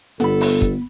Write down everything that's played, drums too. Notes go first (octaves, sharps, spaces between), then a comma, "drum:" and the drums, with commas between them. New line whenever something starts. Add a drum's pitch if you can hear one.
G1 B3 A4 B5, drum: hi-hat
drum: open hi-hat
drum: kick